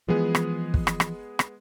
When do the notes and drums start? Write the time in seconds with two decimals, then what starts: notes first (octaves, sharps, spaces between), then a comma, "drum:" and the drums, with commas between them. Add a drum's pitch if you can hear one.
0.08 E3 F3 G#3 B3 G#4
0.35 drum: rim click
0.74 drum: kick
0.87 drum: rim click
1.00 drum: rim click
1.39 drum: rim click